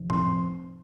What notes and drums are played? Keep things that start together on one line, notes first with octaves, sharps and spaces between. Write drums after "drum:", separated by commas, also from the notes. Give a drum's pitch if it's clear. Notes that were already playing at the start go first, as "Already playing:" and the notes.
Already playing: F1
C4 C6, drum: tom A2